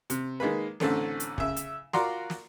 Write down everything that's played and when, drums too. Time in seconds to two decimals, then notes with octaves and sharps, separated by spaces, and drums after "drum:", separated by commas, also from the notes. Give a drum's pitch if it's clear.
0.10 C3, drum: hi-hat
0.40 D#3 G#3 A#3 B4
0.80 A1 D3 A3 C4 C#4 A4, drum: snare
1.20 drum: hi-hat
1.38 C#3 E5, drum: kick
1.56 drum: hi-hat
1.93 F4 F#4 A#4 D5 A#5 C6, drum: snare
2.30 drum: snare